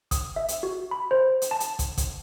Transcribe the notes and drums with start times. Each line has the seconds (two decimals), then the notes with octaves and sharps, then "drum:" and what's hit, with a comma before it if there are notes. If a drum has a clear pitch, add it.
0.11 D#6, drum: kick, hi-hat
0.36 E5
0.48 drum: hi-hat
0.63 F#4
0.91 B5
1.11 C5
1.42 drum: hi-hat
1.51 A5
1.60 drum: hi-hat
1.79 drum: kick, hi-hat
1.97 drum: kick, hi-hat